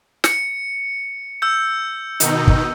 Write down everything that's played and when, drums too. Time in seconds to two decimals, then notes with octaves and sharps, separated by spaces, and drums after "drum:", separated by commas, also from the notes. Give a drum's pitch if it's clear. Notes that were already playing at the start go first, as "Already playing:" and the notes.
0.24 C#7, drum: snare
1.42 E6 G6
2.20 B2 D#3 D#4, drum: hi-hat
2.47 drum: kick